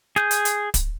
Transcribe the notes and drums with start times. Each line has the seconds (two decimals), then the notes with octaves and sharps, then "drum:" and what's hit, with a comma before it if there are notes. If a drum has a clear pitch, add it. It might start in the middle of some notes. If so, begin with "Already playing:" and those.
0.16 G#4 G6, drum: snare
0.31 drum: hi-hat
0.45 drum: hi-hat
0.74 drum: kick, hi-hat